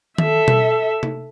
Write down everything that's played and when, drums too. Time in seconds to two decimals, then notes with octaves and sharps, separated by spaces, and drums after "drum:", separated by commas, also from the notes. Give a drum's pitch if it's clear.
0.18 A4 E5, drum: tom D#3
0.48 drum: tom B2
1.03 drum: tom C3